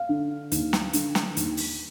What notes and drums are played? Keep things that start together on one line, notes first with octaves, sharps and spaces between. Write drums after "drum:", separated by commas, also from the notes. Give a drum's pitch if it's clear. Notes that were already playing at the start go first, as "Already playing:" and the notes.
Already playing: F5
D3
D#2, drum: hi-hat
drum: snare
D3, drum: hi-hat
drum: snare
D#2, drum: hi-hat
drum: open hi-hat